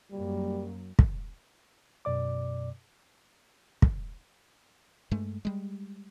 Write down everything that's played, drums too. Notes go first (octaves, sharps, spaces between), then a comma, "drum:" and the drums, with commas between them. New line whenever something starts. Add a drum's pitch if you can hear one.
F#2 F#3 G3 A#3
drum: kick
F#2 B2 D5 D6
drum: kick
G2 G#3 A3
G3 G#3